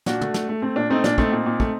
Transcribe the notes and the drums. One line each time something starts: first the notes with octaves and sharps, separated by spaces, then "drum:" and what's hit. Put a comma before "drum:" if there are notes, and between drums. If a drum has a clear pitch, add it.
A#2 D4 F#4, drum: snare
A3, drum: tom
A3, drum: snare
A3
A3 C4
A#2 D4
A3 C4 D#4
A#2 D4, drum: snare
A3 C4 D#4, drum: kick
A#2
A#2
A3, drum: kick